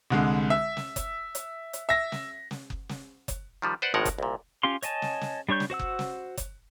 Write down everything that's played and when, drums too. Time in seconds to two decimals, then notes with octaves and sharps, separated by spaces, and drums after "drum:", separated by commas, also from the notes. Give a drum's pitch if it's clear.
0.10 C2 D3 G#3
0.50 E5
0.77 drum: snare
0.96 drum: kick F#1, hi-hat
1.35 drum: hi-hat
1.73 drum: hi-hat
1.89 E5 A#6
2.12 drum: snare
2.51 drum: snare
2.70 drum: kick F#1
2.89 drum: snare
3.28 drum: kick F#1, hi-hat
3.62 D#3 F3 G3
3.82 B4 C5 D5 F#5
3.94 G#1 A2 F3 G#3 A#4 F#5
4.05 drum: kick F#1, hi-hat
4.18 C2 A#2
4.63 C#4 F4 G4 F5 C6
4.83 C#5 D#5 G#5 A5, drum: hi-hat
5.02 drum: snare
5.21 drum: snare
5.49 G3 D4 C#5 C#6 G6
5.60 drum: snare
5.70 F#4 C5 F#5 E6
5.79 drum: kick F#1
5.99 drum: snare
6.37 drum: kick F#1, hi-hat